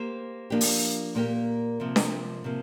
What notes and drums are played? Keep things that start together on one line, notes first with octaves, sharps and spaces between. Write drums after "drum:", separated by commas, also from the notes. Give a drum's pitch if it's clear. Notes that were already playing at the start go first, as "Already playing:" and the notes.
Already playing: A#3 G4 C5
F3 A#3 D4 G4
drum: open hi-hat
A#2 A#3 G4 A#4
C3 F3 A#3
drum: snare D4
C3 F3 A#3